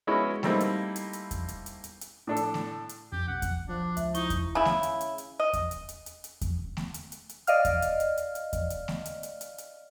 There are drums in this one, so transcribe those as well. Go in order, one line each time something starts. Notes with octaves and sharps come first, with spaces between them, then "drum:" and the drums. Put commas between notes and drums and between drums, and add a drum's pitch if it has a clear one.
G#3 B3 C#4 E4 F#4
G3 A3 A#3 C4 D#4 E4, drum: snare A3
drum: hi-hat
drum: hi-hat
drum: hi-hat
drum: kick E2, hi-hat
drum: hi-hat
drum: hi-hat
drum: hi-hat
drum: hi-hat
A2 D4 A4
drum: hi-hat
drum: snare A3
drum: hi-hat
F2 C#4 G4
B1 B2 F#5
drum: kick E2, hi-hat
F3 D4
C#2 E5, drum: hi-hat
D#4 E4 C#6 G7, drum: hi-hat
drum: kick E2, hi-hat
C#3 E4
drum: snare A3
drum: hi-hat
drum: hi-hat
drum: hi-hat
D#5
drum: kick E2, hi-hat
drum: hi-hat
drum: hi-hat
drum: hi-hat
drum: hi-hat
drum: kick E2, hi-hat
drum: snare A3
drum: hi-hat
drum: hi-hat
drum: hi-hat
D5 D#5 F5 F6, drum: hi-hat
drum: kick E2, hi-hat
drum: hi-hat
drum: hi-hat
drum: hi-hat
drum: hi-hat
drum: kick E2, hi-hat
drum: hi-hat
drum: snare A3
drum: hi-hat
drum: hi-hat
drum: hi-hat
drum: hi-hat